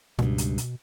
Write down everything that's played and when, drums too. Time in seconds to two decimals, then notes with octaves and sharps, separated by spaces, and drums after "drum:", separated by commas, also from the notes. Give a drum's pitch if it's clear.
0.19 C#2 G2 B2, drum: snare
0.38 drum: hi-hat
0.58 drum: hi-hat